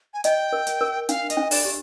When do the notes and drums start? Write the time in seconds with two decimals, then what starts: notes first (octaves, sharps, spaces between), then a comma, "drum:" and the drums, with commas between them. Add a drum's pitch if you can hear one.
0.14 G#5
0.24 D#5 G5, drum: hi-hat
0.53 A#4
0.67 drum: hi-hat
0.81 A#4
1.09 D4 F5, drum: hi-hat
1.30 D#5, drum: hi-hat
1.37 D4
1.51 D5, drum: open hi-hat
1.65 G4